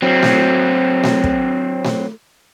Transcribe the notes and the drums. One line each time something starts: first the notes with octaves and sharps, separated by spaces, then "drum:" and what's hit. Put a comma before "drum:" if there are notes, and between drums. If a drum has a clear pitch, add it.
F#3 C4
drum: snare A3
drum: snare A3
drum: kick
drum: snare A3